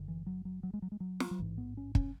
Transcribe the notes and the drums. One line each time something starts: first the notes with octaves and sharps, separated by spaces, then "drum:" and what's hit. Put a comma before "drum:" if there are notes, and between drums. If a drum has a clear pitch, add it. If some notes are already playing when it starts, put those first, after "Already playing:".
Already playing: F#1 F#2 D3
E3
F#3
F#3
F#3
G#3
F#3
G#3
F#3
drum: snare
F#3
A1 G#2 E3
B3
C#4
C#4, drum: kick